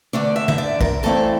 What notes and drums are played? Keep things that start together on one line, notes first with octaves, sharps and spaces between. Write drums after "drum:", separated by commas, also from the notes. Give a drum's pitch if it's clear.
E2 D3 A3 D4 D5
E5
E5, drum: tom
D5
A#4, drum: kick
G2 E3 A3 C4 E4 A4